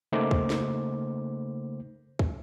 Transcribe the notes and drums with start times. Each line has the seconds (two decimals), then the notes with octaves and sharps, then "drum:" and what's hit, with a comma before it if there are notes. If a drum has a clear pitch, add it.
0.12 C#3 A3 A#3 D#4 C5 D6
0.31 drum: kick
0.50 drum: snare
2.19 drum: kick